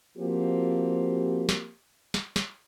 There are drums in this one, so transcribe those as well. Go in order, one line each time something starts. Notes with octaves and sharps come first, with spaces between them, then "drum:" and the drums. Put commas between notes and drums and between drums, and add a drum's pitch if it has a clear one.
F3 A#3 C4 F#4 G4
drum: snare
drum: snare
drum: snare